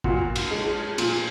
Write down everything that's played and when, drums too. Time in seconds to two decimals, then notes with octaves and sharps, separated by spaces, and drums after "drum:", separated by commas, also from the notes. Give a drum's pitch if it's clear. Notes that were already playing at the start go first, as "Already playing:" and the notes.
0.04 A#2 F#4, drum: kick
0.36 drum: cymbal
0.51 G#3
0.98 A#2, drum: cymbal